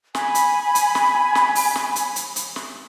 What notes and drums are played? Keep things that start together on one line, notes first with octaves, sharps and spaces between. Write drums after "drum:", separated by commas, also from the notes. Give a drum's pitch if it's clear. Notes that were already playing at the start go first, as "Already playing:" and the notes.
G#5 B5, drum: snare
drum: hi-hat
drum: hi-hat
drum: snare
drum: snare
drum: open hi-hat
drum: snare
drum: hi-hat
drum: hi-hat
drum: hi-hat
drum: snare